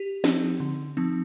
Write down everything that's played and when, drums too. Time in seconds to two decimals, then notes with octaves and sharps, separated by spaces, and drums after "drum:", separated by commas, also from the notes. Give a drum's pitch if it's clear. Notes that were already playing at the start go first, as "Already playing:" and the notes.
Already playing: G4
0.24 F3 C4 D#4, drum: snare
0.60 D3
0.97 F3 C4 D#4